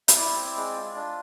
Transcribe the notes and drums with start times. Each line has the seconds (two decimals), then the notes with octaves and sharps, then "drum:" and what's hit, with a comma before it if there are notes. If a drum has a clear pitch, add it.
0.08 E5, drum: hi-hat
0.17 E4 D5
0.36 C4
0.56 G#3
0.76 F4
0.96 D4